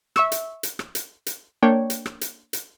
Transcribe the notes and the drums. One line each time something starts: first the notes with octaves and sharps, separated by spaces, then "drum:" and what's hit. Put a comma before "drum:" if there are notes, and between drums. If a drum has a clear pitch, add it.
E5 C#6 E6, drum: rim click
drum: hi-hat
drum: hi-hat
drum: rim click
drum: hi-hat
drum: hi-hat
A#3 D4 C#5 G5
drum: hi-hat
drum: rim click
drum: hi-hat
drum: hi-hat